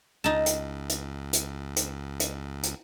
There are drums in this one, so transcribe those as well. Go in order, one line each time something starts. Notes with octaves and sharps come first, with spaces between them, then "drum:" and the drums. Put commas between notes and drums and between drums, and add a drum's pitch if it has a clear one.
C#2 D#4 A5
drum: hi-hat
drum: hi-hat
drum: hi-hat
drum: hi-hat
drum: hi-hat
drum: hi-hat